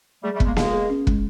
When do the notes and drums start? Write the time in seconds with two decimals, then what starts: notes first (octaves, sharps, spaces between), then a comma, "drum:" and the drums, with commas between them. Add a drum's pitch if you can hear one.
0.23 G3 A3 G#4
0.34 G3 A3
0.40 B3, drum: kick
0.45 G#3 A#3
0.57 G#3 A#3 G#4, drum: snare A#3
0.73 G#4
0.90 C#4
1.07 G#3, drum: kick